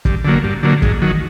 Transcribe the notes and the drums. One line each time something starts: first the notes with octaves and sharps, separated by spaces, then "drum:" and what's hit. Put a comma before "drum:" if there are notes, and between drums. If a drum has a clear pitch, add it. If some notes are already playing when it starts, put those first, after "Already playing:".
G2, drum: kick
D3 F#3 A#3
G2
D3 F#3 A#3
G#2, drum: kick
D#3 F#3